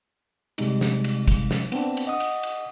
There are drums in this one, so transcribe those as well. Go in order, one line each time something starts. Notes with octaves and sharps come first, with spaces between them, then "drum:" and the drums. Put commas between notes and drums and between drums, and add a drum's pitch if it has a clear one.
C3 G3 G#3 D#4, drum: cymbal
drum: snare
drum: cymbal
drum: kick, cymbal
drum: snare
B3 C4 D4, drum: cymbal
drum: cymbal
D#5 F#5 D#6
drum: cymbal
drum: cymbal